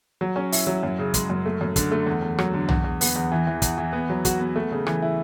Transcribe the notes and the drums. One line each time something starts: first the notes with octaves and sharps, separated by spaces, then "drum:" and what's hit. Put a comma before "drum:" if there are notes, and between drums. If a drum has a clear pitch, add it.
F#3
C#4
E4, drum: open hi-hat
F#3
F#2
C#3
G#3, drum: kick, hi-hat
F#2
A3
F#2
D3, drum: kick, hi-hat
A3
E2
E2
F#3, drum: rim click
D3
E2, drum: tom
E2
B3, drum: open hi-hat
E2
E3
E3
E2, drum: kick, hi-hat
E3
B3
F#3
F#4, drum: kick, hi-hat
B3
A3
C#3
E3, drum: rim click
E4